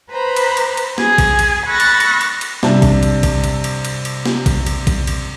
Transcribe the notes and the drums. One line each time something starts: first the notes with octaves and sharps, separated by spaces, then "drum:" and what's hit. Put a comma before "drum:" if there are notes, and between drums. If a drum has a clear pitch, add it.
B4 C5 A#5 B5
drum: cymbal
drum: cymbal
drum: cymbal
G#4, drum: snare
drum: kick A#1, cymbal
drum: cymbal
B5 C#6 E6 F#6 A6 A#6
drum: cymbal
drum: cymbal
drum: cymbal
drum: cymbal
G2 C3 D4 E5 A5, drum: snare
drum: kick A#1, cymbal
drum: cymbal
drum: kick A#1, cymbal
drum: cymbal
drum: cymbal
drum: cymbal
drum: cymbal
drum: snare
drum: kick A#1, cymbal
drum: cymbal
drum: kick A#1, cymbal
drum: cymbal